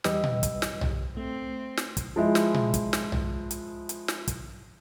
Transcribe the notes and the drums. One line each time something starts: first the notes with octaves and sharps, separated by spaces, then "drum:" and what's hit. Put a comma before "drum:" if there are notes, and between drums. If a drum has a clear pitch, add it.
E2 G3 G4 B4 D#5 E6, drum: snare
drum: tom A#2
drum: kick, hi-hat
drum: snare
drum: tom B1
A3 C4
drum: snare
drum: kick, hi-hat
F3 G#3 E4
drum: snare
drum: tom A#2
drum: kick, hi-hat
drum: snare
drum: tom B1
drum: hi-hat
drum: hi-hat
drum: snare
drum: kick, hi-hat